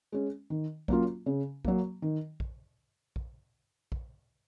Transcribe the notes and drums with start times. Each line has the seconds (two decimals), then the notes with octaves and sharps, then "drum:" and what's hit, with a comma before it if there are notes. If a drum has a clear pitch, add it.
0.12 G#3 C#4
0.50 D#3
0.88 F#3 A#3 C#4 F4, drum: kick A#1
1.26 C#3
1.65 F#3 A#3, drum: kick A#1
2.02 D#3
2.40 drum: kick A#1
3.16 drum: kick A#1
3.92 drum: kick A#1